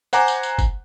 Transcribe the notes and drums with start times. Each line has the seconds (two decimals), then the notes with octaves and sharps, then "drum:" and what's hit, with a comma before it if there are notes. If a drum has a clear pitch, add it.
0.13 C5 F#5 G#5 A#5 D6, drum: tambourine
0.28 drum: tambourine
0.43 drum: tambourine
0.59 drum: kick F#1, tambourine